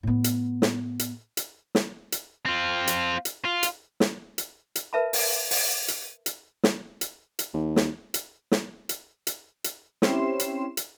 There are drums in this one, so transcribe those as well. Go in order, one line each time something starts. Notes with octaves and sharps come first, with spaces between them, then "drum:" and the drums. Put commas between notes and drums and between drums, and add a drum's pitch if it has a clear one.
A2 B3
drum: hi-hat
drum: snare
drum: hi-hat
drum: hi-hat
drum: snare
drum: hi-hat
C4 F4
drum: hi-hat
drum: hi-hat
F4
drum: hi-hat
drum: snare
drum: hi-hat
drum: hi-hat
A#4 B4 E5 A5 B5
drum: open hi-hat
drum: open hi-hat
drum: hi-hat
drum: hi-hat
drum: snare
drum: hi-hat
drum: hi-hat
D#2
drum: snare
drum: hi-hat
drum: snare
drum: hi-hat
drum: hi-hat
drum: hi-hat
C4 C#4 E4 G4 C6 E7, drum: snare
drum: hi-hat
drum: hi-hat